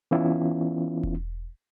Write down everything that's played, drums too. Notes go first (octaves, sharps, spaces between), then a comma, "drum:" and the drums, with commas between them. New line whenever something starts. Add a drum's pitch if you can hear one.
E3 B3 C#4 E4 F4
drum: kick E1